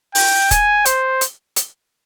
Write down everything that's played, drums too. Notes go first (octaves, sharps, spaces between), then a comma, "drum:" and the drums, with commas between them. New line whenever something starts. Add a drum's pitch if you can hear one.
G5, drum: open hi-hat
G#5, drum: kick, hi-hat
C5, drum: hi-hat
drum: hi-hat
drum: hi-hat